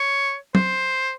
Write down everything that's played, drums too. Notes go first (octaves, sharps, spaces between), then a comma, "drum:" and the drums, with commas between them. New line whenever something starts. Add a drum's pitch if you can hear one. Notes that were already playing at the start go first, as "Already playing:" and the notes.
Already playing: C#5
C5, drum: tom F#3